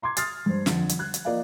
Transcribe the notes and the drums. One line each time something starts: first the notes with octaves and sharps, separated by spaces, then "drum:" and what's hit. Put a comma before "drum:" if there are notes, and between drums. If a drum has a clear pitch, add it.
A#5 C6 D6 G#6
D#6 F6 A6 C7, drum: hi-hat
G2 C5
F2 D3, drum: snare
drum: hi-hat
F#6 G#6
drum: hi-hat
F3 A#3 D5 D#5 F5